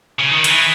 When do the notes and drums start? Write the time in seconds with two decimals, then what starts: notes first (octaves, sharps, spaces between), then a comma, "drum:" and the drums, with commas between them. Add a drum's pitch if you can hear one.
0.19 C#3
0.31 D#3
0.44 E3, drum: hi-hat